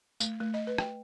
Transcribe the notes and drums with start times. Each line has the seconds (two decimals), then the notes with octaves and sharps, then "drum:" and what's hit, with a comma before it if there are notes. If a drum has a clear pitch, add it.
0.20 A3, drum: tambourine
0.40 A3
0.54 D#5
0.67 B4
0.78 G5, drum: rim click